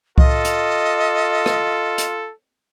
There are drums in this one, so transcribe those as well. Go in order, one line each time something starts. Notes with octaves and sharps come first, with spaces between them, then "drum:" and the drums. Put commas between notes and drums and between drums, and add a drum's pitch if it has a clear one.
F4 A4 D#5, drum: kick C2
drum: hi-hat
drum: rim click
drum: hi-hat